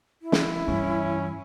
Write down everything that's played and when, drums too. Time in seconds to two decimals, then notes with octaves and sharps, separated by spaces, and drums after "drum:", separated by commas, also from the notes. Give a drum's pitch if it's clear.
0.22 E4
0.32 drum: snare
0.68 G2 E3 C#4